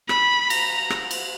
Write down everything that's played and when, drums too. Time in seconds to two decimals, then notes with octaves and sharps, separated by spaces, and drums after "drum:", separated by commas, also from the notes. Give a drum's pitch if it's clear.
0.09 B5, drum: rim click
0.50 A#5, drum: cymbal
0.90 drum: rim click
1.11 drum: cymbal